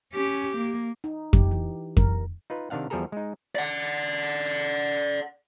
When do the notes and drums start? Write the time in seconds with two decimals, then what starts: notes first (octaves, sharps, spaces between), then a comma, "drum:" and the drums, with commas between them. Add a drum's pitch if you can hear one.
0.12 C#4 G4
0.57 A#3
1.04 D#4
1.33 G4, drum: kick F2
1.51 E3
1.97 A#4, drum: kick F2
2.50 D#4 F4 B4
2.70 C3 D#3 D4 F5 F#5
2.90 E2 F3 G3 G#4 A4 A#5
3.12 G#3 D#4
3.55 D5 F#5